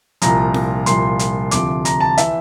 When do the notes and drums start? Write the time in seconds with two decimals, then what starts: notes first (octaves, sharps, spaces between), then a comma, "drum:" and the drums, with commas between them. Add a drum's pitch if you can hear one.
0.22 C2 A#2 F3 A#5, drum: hi-hat
0.54 drum: snare F4
0.86 C2 A#2 F3 C6, drum: hi-hat
1.19 drum: hi-hat
1.51 D2 C3 F3 D6, drum: hi-hat
1.85 A#5, drum: hi-hat
2.00 A5
2.18 E3 E5, drum: hi-hat